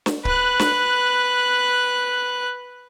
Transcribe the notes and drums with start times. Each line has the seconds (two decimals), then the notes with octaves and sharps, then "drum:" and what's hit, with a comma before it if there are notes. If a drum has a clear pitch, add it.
0.06 drum: snare
0.25 B4 F#6, drum: kick C#1
0.59 drum: snare